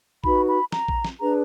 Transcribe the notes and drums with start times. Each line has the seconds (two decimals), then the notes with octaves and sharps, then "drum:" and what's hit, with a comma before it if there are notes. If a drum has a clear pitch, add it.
0.24 D#4 F#4 B4 B5, drum: kick A#1
0.48 B5
0.72 A#5, drum: snare
0.88 drum: kick A#1
1.05 drum: snare
1.20 D4 G#4 B4 A#5